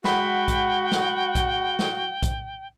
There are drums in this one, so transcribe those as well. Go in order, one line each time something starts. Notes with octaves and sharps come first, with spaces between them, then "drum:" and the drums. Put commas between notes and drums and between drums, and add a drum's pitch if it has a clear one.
G#3 F#4 F#5 G5 B5 B6, drum: snare
drum: kick A#1, hi-hat
drum: snare
drum: kick A#1, hi-hat
drum: snare
drum: kick A#1, hi-hat